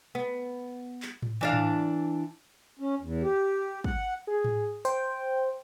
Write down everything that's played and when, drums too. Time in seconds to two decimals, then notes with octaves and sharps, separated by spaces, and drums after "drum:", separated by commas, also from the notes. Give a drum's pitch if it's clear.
0.15 B3
1.02 drum: clap
1.22 drum: tom A2
1.41 E3 D4 F5
1.53 drum: tom A2
2.79 C#4
3.01 E2
3.22 G4
3.84 F#5, drum: kick
4.27 G#4
4.44 drum: tom A2
4.85 C5 G5, drum: tambourine